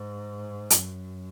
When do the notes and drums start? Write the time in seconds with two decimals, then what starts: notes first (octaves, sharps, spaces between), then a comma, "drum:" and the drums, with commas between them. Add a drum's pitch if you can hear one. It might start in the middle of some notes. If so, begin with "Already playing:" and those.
Already playing: G#2
0.70 F#2, drum: hi-hat